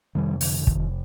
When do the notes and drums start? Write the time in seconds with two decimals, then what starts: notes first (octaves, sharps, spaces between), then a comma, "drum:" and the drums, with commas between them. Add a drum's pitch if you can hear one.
0.15 F2 C3 D#3 G3
0.41 D3 F3, drum: open hi-hat
0.59 D3
0.67 D#3, drum: kick